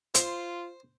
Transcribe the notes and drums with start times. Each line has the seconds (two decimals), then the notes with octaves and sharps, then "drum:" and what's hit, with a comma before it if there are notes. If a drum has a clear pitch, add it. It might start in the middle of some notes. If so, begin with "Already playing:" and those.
0.15 F4 C5, drum: hi-hat